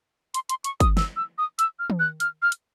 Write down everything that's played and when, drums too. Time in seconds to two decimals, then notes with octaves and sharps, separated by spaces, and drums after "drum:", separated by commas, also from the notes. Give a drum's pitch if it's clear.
0.34 C6, drum: hi-hat
0.49 C6, drum: hi-hat
0.64 C#6, drum: hi-hat
0.80 D#6, drum: kick, hi-hat
0.97 E6, drum: snare
1.16 E6
1.38 D#6
1.59 E6, drum: hi-hat
1.79 F6
1.90 drum: tom
1.99 F#6
2.20 F6, drum: hi-hat
2.42 F6
2.52 drum: hi-hat